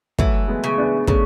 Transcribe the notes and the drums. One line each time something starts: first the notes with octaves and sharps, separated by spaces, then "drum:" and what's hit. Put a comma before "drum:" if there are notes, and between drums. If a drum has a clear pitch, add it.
E3 F#3 A3, drum: kick
G#3 B3
C#3
B3 D4
C#3 A3 C#4, drum: kick